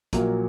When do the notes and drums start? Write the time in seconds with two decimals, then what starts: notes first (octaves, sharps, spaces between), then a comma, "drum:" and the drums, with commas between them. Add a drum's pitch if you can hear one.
0.13 A#1 A#2 F#3 A#3, drum: kick, hi-hat